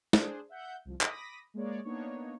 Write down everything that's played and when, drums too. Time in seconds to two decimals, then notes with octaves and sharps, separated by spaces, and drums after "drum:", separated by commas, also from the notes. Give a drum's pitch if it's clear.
0.13 D4 G#4 C5, drum: snare
0.49 E5 F#5 G6
0.85 C2 F3
1.01 B5 D6 D#6 A#6 B6 D#7, drum: clap
1.54 G#3 A#3 G#4 C#5 D5
1.84 A#3 B3 D4 D#4 C#5